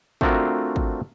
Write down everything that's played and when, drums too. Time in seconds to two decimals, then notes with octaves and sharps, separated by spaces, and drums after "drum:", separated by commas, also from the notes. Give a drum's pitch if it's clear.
0.21 A3 C4 D4 F4 F#4 A#4, drum: kick
0.76 drum: kick